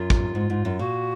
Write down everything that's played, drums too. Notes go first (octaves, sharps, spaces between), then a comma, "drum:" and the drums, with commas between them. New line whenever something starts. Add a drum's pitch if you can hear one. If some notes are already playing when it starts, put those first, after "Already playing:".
Already playing: F#2 F4
drum: kick
G#2
G#2
F#2
A#2 F#4